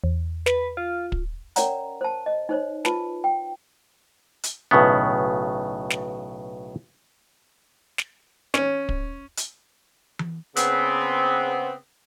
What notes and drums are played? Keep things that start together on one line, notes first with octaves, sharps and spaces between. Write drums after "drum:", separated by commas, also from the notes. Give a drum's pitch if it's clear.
E2
B4, drum: snare
F4
drum: kick
C#4 A#4 C#5 D5 F#5 A#5, drum: hi-hat
C5 A5
D#5
D#4 C5 C#5
F4 B4 A5, drum: snare
G5
drum: hi-hat
B1 A2 C#3 B3
drum: snare
drum: snare
C#4, drum: snare
drum: kick
drum: hi-hat
drum: tom E3
C#3 B3 C4, drum: hi-hat